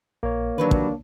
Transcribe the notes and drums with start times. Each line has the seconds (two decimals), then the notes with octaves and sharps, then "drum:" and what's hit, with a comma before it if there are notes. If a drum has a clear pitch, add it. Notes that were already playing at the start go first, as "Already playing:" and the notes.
0.23 A#1 A#3 C#5
0.58 D#3 E3 F#3 G3 D4 B4
0.71 drum: kick